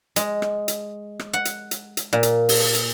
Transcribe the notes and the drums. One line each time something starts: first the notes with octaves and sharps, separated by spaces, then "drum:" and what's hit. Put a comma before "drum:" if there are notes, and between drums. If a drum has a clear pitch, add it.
G#3, drum: hi-hat
drum: rim click
drum: hi-hat
drum: rim click
F#5
drum: hi-hat
drum: hi-hat
drum: hi-hat
A#2
drum: hi-hat
drum: open hi-hat
drum: hi-hat